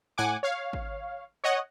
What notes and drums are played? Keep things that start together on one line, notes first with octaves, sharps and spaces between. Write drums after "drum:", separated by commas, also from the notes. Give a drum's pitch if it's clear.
A2 F#5 G#5 D6
C#5 F5
drum: kick G#1
C#5 D#5 F#5